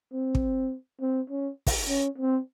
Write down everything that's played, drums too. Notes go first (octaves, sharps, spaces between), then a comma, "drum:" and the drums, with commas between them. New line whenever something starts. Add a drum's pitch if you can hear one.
C4
drum: kick
C4
C#4
drum: kick, open hi-hat
C#4
C4